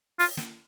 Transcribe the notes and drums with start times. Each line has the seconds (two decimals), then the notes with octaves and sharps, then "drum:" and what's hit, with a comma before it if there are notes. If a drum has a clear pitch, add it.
0.19 F4, drum: open hi-hat
0.37 drum: snare